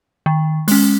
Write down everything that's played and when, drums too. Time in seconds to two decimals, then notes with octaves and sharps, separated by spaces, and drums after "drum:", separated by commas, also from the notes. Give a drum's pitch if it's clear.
0.26 D#3
0.68 G#3 C#4, drum: open hi-hat